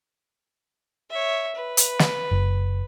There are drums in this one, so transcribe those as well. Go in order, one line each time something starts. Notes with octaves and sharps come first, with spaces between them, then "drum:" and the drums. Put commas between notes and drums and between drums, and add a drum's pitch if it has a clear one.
C#5 E5
B4
drum: hi-hat
drum: snare
F#1